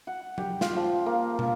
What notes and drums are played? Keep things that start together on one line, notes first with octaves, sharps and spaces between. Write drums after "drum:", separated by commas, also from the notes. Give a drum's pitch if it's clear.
F#5
G4, drum: tom F#3
F4, drum: snare
F3
A#3
drum: tom